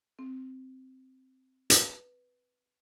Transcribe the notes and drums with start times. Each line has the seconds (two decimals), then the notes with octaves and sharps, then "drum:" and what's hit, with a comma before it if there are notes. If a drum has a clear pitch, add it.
0.19 C4
1.70 B4, drum: hi-hat